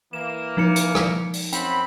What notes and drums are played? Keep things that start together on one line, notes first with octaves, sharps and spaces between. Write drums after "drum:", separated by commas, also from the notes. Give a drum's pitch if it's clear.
E3 A#3 E7
F3 D#4 C#7
drum: hi-hat
drum: rim click
drum: open hi-hat
F#2 C4 G5 B5, drum: hi-hat